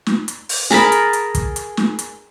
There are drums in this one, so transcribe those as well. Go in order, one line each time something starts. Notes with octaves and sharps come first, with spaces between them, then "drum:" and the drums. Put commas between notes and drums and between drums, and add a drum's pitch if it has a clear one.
drum: snare
drum: hi-hat
drum: open hi-hat
G#4 A#4 A5 B5, drum: snare
drum: hi-hat
drum: hi-hat
drum: kick, hi-hat
drum: hi-hat
drum: snare
drum: hi-hat